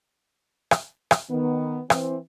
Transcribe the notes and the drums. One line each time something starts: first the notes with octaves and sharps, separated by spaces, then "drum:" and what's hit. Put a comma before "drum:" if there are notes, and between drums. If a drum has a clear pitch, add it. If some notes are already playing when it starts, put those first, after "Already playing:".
drum: rim click
drum: rim click
D#3 B3
E3 C4, drum: rim click